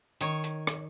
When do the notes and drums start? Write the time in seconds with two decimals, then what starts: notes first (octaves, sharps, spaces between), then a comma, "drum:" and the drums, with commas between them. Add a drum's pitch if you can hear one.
0.21 D#3 C#5, drum: hi-hat
0.44 drum: hi-hat
0.67 drum: rim click